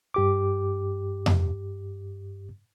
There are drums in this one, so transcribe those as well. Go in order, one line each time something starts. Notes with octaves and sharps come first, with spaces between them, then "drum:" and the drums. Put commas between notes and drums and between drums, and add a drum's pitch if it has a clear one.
G2 G4 D6
drum: tom F2